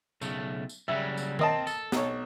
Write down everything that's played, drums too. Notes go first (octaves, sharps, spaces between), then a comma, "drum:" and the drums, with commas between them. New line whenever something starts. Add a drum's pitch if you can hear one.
B1 C#3 A3, drum: tambourine
drum: tambourine
C#3 F#3 G3 E5
drum: tambourine
C4 A#4 D#5 A5, drum: tom D#3
A4, drum: tambourine
B1 C#5, drum: snare